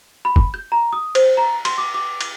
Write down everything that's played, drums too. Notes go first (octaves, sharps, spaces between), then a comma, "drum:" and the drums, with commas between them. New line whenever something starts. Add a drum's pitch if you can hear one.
B5
drum: kick F1
G6
A#5
D#6
C5, drum: cymbal
A#5
C6, drum: cymbal
D6
D6
drum: cymbal